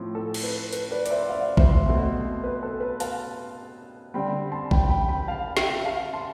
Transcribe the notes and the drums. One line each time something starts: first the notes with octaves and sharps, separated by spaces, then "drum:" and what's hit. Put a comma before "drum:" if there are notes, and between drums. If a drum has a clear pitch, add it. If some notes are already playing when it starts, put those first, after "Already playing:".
Already playing: A2 F3 C4
A4
drum: cymbal
B4
B4, drum: hi-hat
B4 D5
D5, drum: hi-hat
C5 E5
D5 F5
C5 E5, drum: kick A#1
B2 A3 C4
B4
A4
B4
F5 A5, drum: hi-hat
D3 G3 C4 G5 B5
A5 C6
G5 B5, drum: kick A#1
G5 B5
G5 B5
F5 A5
E5 G5, drum: snare
F5 A5
A5 C6